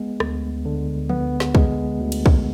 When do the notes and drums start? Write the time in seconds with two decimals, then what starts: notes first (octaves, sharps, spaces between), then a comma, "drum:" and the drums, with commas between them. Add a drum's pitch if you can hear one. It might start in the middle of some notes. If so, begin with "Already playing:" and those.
Already playing: G#3 B3
0.20 D2, drum: rim click
0.65 D3
1.09 B3, drum: tom F3
1.40 drum: snare
1.55 G#3, drum: kick
2.00 D2
2.12 drum: cymbal
2.26 drum: kick